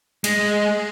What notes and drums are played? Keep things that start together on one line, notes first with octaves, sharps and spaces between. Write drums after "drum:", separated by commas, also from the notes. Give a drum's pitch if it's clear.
G#3, drum: cymbal